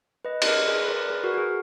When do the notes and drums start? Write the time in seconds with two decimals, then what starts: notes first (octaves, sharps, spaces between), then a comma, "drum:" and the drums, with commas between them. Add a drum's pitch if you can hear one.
0.25 B4 D#5
0.42 D#5, drum: cymbal
0.46 A#4 D5
0.67 G#4 B4
0.81 B4
0.88 A#4 D5
1.10 G#4 B4
1.24 F#4 A#4
1.34 F#4
1.38 G#4